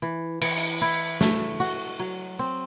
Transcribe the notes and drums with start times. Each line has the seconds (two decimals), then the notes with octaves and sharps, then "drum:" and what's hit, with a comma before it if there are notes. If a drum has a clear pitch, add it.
0.02 E3
0.41 E3, drum: cymbal
0.58 drum: hi-hat
0.82 E4
1.21 A3, drum: snare
1.60 F#4, drum: open hi-hat
2.00 F#3
2.39 C4